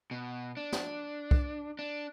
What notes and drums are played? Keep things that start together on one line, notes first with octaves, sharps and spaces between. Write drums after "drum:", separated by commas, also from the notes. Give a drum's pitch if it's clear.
B2
D4
drum: snare
drum: kick
D4